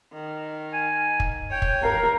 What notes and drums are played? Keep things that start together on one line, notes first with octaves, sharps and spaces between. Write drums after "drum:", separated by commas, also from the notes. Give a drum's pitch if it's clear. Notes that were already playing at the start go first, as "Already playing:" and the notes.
D#3
G#5
drum: kick
C#5 G5
drum: kick
A#4 F5